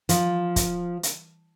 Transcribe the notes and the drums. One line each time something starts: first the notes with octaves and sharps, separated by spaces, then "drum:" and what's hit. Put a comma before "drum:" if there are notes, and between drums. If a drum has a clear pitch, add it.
F3, drum: hi-hat
drum: kick, hi-hat
drum: hi-hat